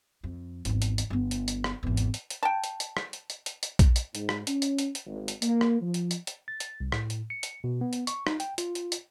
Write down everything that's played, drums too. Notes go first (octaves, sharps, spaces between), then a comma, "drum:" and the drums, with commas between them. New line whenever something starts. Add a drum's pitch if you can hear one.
F2
G#1 E2, drum: hi-hat
drum: hi-hat
drum: hi-hat
G1 B3
drum: hi-hat
drum: hi-hat
drum: rim click
G#1 E2
drum: hi-hat
drum: hi-hat
drum: hi-hat
G5 A5
drum: hi-hat
drum: hi-hat
drum: rim click
drum: hi-hat
drum: hi-hat
drum: hi-hat
drum: hi-hat
drum: kick A#1, hi-hat
drum: hi-hat
G#2, drum: hi-hat
drum: rim click
C#4, drum: hi-hat
drum: hi-hat
drum: hi-hat
drum: hi-hat
G#1
drum: hi-hat
A#3, drum: hi-hat
drum: rim click
F3
drum: hi-hat
drum: hi-hat
drum: hi-hat
A6
drum: hi-hat
C2
A2, drum: rim click
drum: hi-hat
C#7
drum: hi-hat
B2
B3
drum: hi-hat
C#6, drum: hi-hat
D#4, drum: rim click
G5, drum: hi-hat
F4, drum: hi-hat
drum: hi-hat
drum: hi-hat